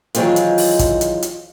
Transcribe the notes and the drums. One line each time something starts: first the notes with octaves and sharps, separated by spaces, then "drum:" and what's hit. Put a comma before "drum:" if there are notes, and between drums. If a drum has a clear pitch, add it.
D#3 E3 F#3 G#3 C4 F4, drum: hi-hat
drum: hi-hat
drum: open hi-hat
drum: kick, hi-hat
drum: hi-hat
drum: hi-hat